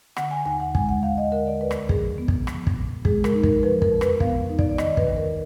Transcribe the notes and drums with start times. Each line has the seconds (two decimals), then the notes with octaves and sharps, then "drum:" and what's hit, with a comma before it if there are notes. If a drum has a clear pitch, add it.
0.17 D3 F#5, drum: rim click
0.31 G#5
0.46 D#2 G#5
0.60 F#5
0.75 G#3 G#5, drum: kick
0.89 F#5
1.03 D#2 F5
1.18 D#5
1.32 D3 A#4
1.47 D5
1.61 D2 B4
1.71 drum: rim click
1.89 F3 G#4, drum: kick
2.18 B3
2.28 drum: kick
2.47 F3, drum: rim click
2.67 drum: kick
2.77 A#2
3.05 G#3 G#4, drum: kick
3.24 A#4, drum: rim click
3.34 D#4
3.43 A#4, drum: kick
3.63 F3 B4
3.82 A#4, drum: kick
3.92 F2
4.01 B4, drum: rim click
4.20 B3 F5, drum: kick
4.49 D#4
4.59 D5, drum: kick
4.69 D5
4.78 D#3 D#5, drum: rim click
4.97 B4, drum: kick
5.07 D#2
5.16 A#4